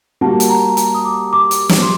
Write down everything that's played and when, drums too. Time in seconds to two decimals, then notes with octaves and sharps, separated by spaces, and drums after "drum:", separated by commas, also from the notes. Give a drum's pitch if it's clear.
0.21 G3 A#3 F#4 A5
0.40 drum: hi-hat
0.49 A#5
0.77 drum: hi-hat
0.95 D#6
1.05 D6
1.33 D6
1.51 drum: hi-hat
1.69 drum: snare
1.82 C6